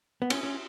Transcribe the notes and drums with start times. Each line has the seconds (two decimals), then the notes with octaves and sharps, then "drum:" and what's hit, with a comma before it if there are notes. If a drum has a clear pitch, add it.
0.22 B3
0.30 C#4, drum: cymbal
0.43 C#4